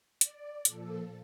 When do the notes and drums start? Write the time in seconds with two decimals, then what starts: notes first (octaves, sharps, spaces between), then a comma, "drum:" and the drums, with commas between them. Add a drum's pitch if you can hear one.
0.21 D5, drum: hi-hat
0.65 A#2 F3 A4, drum: hi-hat